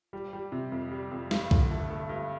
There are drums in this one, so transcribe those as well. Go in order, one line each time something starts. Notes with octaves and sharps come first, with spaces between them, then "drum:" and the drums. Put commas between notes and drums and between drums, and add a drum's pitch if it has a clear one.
G3
G3
C3
F2
G3
F2
G2, drum: snare
D3, drum: kick B1
A3
A3
G2